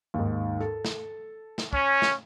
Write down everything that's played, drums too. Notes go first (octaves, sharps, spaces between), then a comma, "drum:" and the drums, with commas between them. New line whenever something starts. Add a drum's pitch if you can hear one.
D#2 G#2
A4
drum: snare
drum: snare
C#4, drum: kick
drum: snare